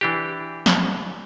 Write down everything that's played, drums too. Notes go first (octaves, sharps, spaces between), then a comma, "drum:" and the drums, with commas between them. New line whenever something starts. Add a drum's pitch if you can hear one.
E3 D4 G4
drum: snare